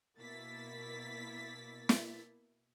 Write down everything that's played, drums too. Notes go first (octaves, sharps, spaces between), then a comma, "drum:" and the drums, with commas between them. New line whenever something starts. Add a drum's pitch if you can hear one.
B2 A#3 E4 A6 B6
drum: snare